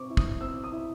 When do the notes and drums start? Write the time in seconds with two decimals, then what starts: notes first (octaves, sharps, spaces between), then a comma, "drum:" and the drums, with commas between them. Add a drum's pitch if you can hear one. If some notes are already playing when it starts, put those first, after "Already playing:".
Already playing: C4 C#6 D6
0.10 E4
0.17 D#6, drum: kick
0.41 C4 E6
0.64 D#6
0.72 E4